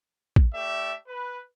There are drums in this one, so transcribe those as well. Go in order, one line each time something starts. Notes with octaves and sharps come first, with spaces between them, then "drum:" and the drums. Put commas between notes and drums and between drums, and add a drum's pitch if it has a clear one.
drum: kick
A3 G4 D5 E5
B4